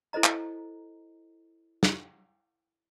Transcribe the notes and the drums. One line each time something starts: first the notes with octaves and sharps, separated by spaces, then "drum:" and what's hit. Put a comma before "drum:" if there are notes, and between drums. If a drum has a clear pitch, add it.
E4 A4 C5 D#5 A#5
drum: clap
drum: snare